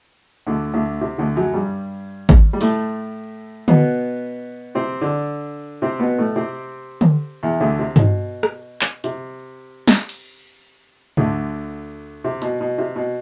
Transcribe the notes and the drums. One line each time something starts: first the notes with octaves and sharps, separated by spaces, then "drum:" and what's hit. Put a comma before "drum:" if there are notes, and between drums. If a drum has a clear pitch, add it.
D2 D3
D2 D3
C3
D2 D3
F#2 F#3
G2 G3
drum: kick G#1
G3
A2 A3, drum: open hi-hat
B2 B3, drum: tom D3
C3 C4
D3 D4
C3 C4
B2 B3
A2 A3
C3 C4
drum: tom D3
E2 E3
D2 D3
C3
B2, drum: tom G2
drum: rim click
drum: clap
C3, drum: hi-hat
drum: snare
drum: cymbal
D2 D3, drum: tom G#2
C3
B2, drum: hi-hat
B2
C3
B2